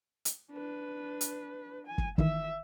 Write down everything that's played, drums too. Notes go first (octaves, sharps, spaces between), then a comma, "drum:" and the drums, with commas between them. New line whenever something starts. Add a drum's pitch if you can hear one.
drum: hi-hat
D4 B4
drum: hi-hat
G#5
drum: kick
D#3 E3 E5, drum: kick